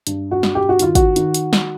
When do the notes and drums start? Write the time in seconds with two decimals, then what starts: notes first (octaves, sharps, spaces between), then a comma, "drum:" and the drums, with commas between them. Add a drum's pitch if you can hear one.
0.07 G2, drum: hi-hat
0.31 F#4
0.43 G2, drum: snare
0.55 G4
0.69 F#4
0.79 D#3 F4, drum: hi-hat
0.95 F#4, drum: kick, hi-hat
1.16 D#3, drum: hi-hat
1.34 drum: hi-hat
1.53 drum: snare